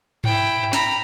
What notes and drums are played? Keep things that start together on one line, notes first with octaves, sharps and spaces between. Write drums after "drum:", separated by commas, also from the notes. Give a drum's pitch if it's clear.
E4 G5, drum: tom G#2
A#5 B5, drum: snare